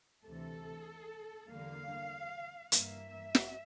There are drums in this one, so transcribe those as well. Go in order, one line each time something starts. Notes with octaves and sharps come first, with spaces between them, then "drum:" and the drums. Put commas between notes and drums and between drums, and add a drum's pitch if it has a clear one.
D2 C3 E3 A4
E2 D3 G3 A#3 F5
G2 E3 A#3 E5, drum: hi-hat
drum: snare